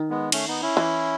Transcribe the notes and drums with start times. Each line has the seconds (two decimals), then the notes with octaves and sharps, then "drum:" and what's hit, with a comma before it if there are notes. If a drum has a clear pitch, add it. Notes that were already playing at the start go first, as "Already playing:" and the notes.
Already playing: D#3
0.10 G#3 B3
0.32 A3 C#4, drum: cymbal
0.48 B3 D#4
0.62 C#4 E4
0.77 E3